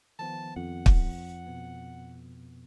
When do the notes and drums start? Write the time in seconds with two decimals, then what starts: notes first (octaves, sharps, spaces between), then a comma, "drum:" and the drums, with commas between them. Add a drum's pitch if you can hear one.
0.19 D#3 F3 B3 A5
0.57 F2 F#5
0.86 drum: kick
1.47 B2 B3